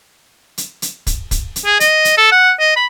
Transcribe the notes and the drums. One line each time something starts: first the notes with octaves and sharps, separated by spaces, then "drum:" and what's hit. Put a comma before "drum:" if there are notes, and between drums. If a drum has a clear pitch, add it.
drum: hi-hat
drum: hi-hat
drum: kick, hi-hat
drum: kick, hi-hat
drum: hi-hat
G#4
D#5, drum: hi-hat
drum: hi-hat
A4
F#5
D#5
B5